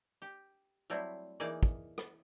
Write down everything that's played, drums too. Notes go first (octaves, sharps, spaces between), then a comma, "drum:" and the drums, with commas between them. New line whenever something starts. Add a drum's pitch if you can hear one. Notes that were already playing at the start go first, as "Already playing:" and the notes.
G4
F#3 G3 A3 C4 E4
E3 A#3 D#4 G#4 D5
drum: kick
drum: rim click